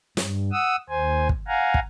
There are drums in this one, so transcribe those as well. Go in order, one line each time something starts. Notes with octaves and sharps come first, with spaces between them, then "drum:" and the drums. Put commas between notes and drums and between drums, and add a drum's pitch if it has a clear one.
G2, drum: snare
F#5 D#6 E6
D#2 C5 G#5
drum: kick
F5 F#5 G#5 A#5
drum: kick